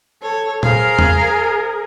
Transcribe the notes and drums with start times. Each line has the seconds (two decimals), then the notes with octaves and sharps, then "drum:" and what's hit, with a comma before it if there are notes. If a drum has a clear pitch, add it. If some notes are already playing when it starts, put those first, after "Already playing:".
0.22 A4 C#5
0.63 G#4 A#4 C5 F5, drum: tom
0.99 drum: tom E2